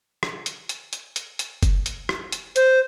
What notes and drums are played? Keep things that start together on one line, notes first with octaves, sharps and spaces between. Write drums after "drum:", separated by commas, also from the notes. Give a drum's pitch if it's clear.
drum: rim click
drum: hi-hat
drum: hi-hat
drum: hi-hat
drum: hi-hat
drum: hi-hat
drum: kick, hi-hat
drum: hi-hat
drum: rim click
drum: hi-hat
C5, drum: hi-hat